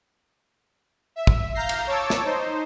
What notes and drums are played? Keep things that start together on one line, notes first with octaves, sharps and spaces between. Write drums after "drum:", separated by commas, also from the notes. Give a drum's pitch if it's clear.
E5
drum: kick
F5 A#5 G6 A#6 C7
drum: cymbal
C#5 A5 D6 E6
drum: snare
D#4 C5